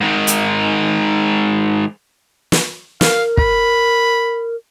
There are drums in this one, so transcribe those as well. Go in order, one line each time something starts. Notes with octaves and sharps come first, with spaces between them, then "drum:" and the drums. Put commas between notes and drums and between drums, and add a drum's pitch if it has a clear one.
G#2 D#3
drum: hi-hat
drum: snare
A#4 F5, drum: snare
B5, drum: kick